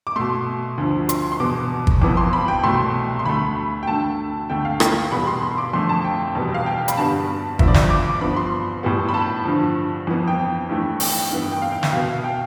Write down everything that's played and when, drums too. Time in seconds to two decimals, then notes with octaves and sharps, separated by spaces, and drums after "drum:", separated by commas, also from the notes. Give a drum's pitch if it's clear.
0.07 D6
0.16 B2 A3 C6
0.78 D2 D3 F3
1.09 C6, drum: hi-hat
1.32 C6
1.40 E2 B2 B3 D6
1.87 drum: kick
2.02 F2 E3 B3 D6
2.17 C6
2.33 B5
2.48 G5
2.63 C2 B2 A3 C6
3.19 C6
3.26 D2 D3 A3 B5
3.83 G5
3.87 D2 D3 A3 A5
4.50 D2 D3 A3 G5
4.65 F5
4.80 G5, drum: rim click
5.12 E2 B2 G3 B3 B5
5.27 C6
5.42 C6
5.58 D6
5.73 F2 D3 A3 C6
5.89 A5
6.04 G5
6.35 E2 B2 G3 B3
6.54 F5
6.66 G5
6.88 B5, drum: hi-hat
6.97 G2 D3 G3 B3 A5
7.59 G2 F3 B3 E5, drum: kick
7.68 D5
7.74 E5, drum: snare
7.90 D6
8.10 D6
8.21 G2 D3 F3 B3 B5
8.36 C6
8.83 A2 G3 B3
9.09 B5
9.14 A5
9.45 G2 D3 F3
10.07 F2 E3 B3
10.28 G5
10.69 G2 E3 A3
11.00 G5, drum: open hi-hat
11.31 G2 E3 B3
11.52 G5
11.62 F5
11.72 G5
11.83 E5, drum: snare
11.93 B2 B3 F5
12.08 F5
12.24 G5